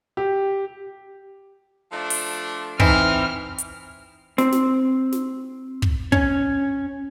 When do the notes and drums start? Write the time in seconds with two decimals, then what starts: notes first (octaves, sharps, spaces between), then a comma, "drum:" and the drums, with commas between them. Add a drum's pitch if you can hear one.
0.17 G4
1.92 F3 A3 D4
2.10 drum: open hi-hat
2.80 E3 C4 D#4 E4 F6, drum: kick
3.59 drum: hi-hat
4.38 C4, drum: snare
4.52 drum: snare
5.12 drum: snare
5.82 drum: kick
6.12 C#4, drum: kick